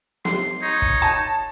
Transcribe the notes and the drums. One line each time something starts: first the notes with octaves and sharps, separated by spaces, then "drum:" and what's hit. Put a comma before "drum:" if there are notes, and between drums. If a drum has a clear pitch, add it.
C6, drum: snare
D#4 C#5
drum: kick
A5